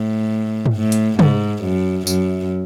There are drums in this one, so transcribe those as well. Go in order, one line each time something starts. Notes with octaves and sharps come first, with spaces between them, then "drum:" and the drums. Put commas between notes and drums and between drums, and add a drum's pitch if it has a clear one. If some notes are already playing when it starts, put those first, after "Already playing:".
Already playing: A2
drum: tom
A2
drum: hi-hat
G#2, drum: tom
F#2
F#2, drum: tambourine